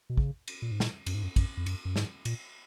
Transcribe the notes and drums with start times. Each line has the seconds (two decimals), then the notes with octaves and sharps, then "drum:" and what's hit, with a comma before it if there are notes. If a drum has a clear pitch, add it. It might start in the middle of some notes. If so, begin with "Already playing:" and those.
0.10 B2
0.17 C#3, drum: kick
0.48 drum: cymbal
0.62 A#2
0.71 G#2
0.80 A#2, drum: snare
1.06 F#2, drum: cymbal
1.15 G#2
1.23 F#2
1.36 F#2, drum: kick, cymbal
1.57 F2
1.66 F#2, drum: cymbal
1.85 F#2
1.96 G#2, drum: snare
2.25 A#2, drum: cymbal